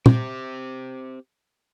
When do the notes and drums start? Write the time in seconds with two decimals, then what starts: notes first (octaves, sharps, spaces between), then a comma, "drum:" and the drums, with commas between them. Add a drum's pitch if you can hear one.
0.06 C4 G4, drum: tom